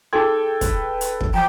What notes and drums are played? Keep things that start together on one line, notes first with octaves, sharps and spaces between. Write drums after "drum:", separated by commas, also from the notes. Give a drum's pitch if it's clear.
D#4 G#4 A4 G5 C6 G#6
B4, drum: kick, hi-hat
drum: hi-hat
drum: kick
F3 G5 A#5 D6